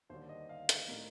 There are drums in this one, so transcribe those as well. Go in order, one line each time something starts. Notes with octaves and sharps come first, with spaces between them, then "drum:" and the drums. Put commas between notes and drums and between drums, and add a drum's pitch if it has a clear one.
D#2 D3 G3 C5
D#5
F5
D#5, drum: hi-hat
A2 G3 C4 D#4 A#4